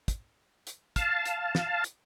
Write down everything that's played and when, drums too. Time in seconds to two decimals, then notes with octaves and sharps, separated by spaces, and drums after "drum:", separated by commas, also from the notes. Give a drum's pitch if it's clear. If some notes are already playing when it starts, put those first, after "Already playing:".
0.08 drum: kick, hi-hat
0.67 drum: hi-hat
0.96 F5 A5, drum: kick, hi-hat
1.25 drum: hi-hat
1.55 drum: snare
1.84 drum: hi-hat